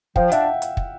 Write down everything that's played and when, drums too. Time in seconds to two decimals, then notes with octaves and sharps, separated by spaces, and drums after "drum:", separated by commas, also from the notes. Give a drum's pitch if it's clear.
0.16 F3 F5 G5, drum: kick
0.32 D4 E5 F#5, drum: hi-hat
0.62 drum: hi-hat
0.77 drum: kick